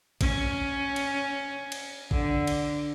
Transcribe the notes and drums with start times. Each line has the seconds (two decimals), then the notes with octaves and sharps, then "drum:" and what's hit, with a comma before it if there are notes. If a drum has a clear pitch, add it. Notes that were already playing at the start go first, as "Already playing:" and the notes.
0.21 C#4, drum: kick A1, cymbal
0.96 drum: cymbal
1.72 drum: cymbal
2.11 D3, drum: kick A1
2.47 drum: cymbal